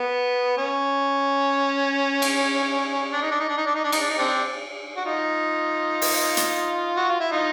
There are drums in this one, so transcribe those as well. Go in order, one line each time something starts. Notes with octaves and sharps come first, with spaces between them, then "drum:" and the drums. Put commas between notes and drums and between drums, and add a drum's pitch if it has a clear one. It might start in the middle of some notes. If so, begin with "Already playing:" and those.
Already playing: B3
C#4
drum: cymbal
D4
D#4
D4
D#4
D4
D#4
D4
D#4
D4
D#4, drum: cymbal
D4
D#4
C4 D4
F#4
D#4 F4
drum: open hi-hat
drum: hi-hat
F#4
F4
E4
D#4 F4